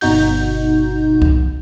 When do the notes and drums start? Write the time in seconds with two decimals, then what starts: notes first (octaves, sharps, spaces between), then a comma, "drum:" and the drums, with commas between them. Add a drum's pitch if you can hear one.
0.01 G1 B2 D#4 F#4 G6, drum: open hi-hat
1.22 drum: kick C2